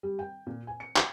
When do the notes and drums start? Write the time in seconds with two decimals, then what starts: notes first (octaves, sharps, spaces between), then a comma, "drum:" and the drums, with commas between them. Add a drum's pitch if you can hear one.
0.03 G3
0.19 G5
0.47 A#2
0.67 G#5
0.80 C#7
0.96 G5, drum: clap